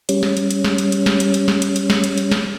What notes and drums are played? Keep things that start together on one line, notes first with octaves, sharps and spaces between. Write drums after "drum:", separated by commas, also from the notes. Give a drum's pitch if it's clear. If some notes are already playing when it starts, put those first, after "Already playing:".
G3 C#4, drum: hi-hat
drum: snare
drum: hi-hat
drum: hi-hat
drum: snare
drum: hi-hat
drum: hi-hat
drum: snare
drum: hi-hat
drum: hi-hat
drum: snare
drum: hi-hat
drum: hi-hat
drum: snare
drum: hi-hat
drum: hi-hat
drum: snare